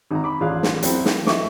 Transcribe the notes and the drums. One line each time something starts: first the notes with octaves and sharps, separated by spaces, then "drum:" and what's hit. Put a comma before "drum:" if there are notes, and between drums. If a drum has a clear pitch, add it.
G#1 A#5
B5 D6
A1 F4 G#4 D5 F5 F#6
drum: snare
F#3 C4 E4 G#4, drum: hi-hat
drum: snare
F3 A4 D#5 E5 C#6 D6, drum: snare